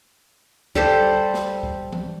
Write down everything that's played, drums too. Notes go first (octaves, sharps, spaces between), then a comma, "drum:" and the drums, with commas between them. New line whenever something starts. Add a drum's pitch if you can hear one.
G3 A4 C5, drum: kick C2
drum: snare
drum: kick C2
drum: tom E3